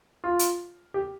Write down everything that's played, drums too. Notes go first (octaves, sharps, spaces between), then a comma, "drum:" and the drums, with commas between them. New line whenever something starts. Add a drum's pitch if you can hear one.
F4
drum: hi-hat
G4